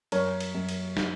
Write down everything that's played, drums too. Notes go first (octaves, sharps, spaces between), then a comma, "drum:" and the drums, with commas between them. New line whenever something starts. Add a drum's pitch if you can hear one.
F#2 A#4 C#5, drum: cymbal
drum: cymbal
F#2
drum: cymbal
drum: snare